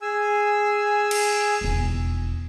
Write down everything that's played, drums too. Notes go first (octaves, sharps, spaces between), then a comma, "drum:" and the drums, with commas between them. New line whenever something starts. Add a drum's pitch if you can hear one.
G#4 G#5 E6
drum: cymbal
E1 D#2